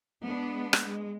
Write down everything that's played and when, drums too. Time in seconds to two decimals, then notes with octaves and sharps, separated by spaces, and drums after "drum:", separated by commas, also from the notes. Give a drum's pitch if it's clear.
0.25 G#3 B3 D4
0.73 drum: rim click
0.87 G#3